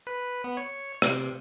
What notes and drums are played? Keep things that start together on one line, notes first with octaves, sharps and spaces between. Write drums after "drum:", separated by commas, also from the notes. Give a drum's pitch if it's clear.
B4
B3
C#5
C3, drum: rim click